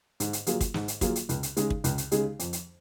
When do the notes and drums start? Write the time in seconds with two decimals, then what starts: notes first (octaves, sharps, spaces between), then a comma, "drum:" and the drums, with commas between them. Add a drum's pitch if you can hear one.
0.20 G#2, drum: hi-hat
0.33 drum: hi-hat
0.47 F#3 A#3 F4 G#4, drum: hi-hat
0.61 drum: kick, hi-hat
0.74 G#2, drum: snare
0.88 drum: hi-hat
1.01 F#3 A#3 F4 G#4, drum: kick, hi-hat
1.15 drum: hi-hat
1.29 C#2, drum: hi-hat
1.43 drum: hi-hat
1.57 C#3 G#3 D#4 G#4, drum: hi-hat
1.70 drum: kick
1.84 C#2, drum: hi-hat
1.98 drum: hi-hat
2.11 C#3 G#3 D#4 G#4, drum: hi-hat
2.40 F2, drum: hi-hat
2.53 drum: hi-hat